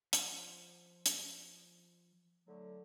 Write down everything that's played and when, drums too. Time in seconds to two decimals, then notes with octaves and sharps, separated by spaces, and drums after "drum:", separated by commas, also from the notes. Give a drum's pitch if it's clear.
0.13 F3 F4 F#5, drum: hi-hat
1.06 drum: hi-hat
2.47 D3 F#3 A3